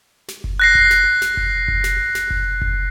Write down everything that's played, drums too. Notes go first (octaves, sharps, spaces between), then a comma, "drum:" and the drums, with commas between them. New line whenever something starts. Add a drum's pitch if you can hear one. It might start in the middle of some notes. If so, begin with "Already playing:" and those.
drum: snare
drum: kick F#1
F#6 A#6 C7
drum: kick F#1
drum: snare
drum: snare
drum: kick F#1
drum: kick F#1
drum: snare
drum: snare
drum: kick F#1
drum: kick F#1